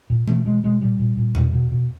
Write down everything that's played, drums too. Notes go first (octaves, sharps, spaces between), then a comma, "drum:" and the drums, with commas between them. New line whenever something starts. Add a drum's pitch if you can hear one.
A#2
B2 A3, drum: tom E3
B2 G#3
B2 G#3
A#2 G3
A#2
A#2
B2, drum: tom E2
B2
B2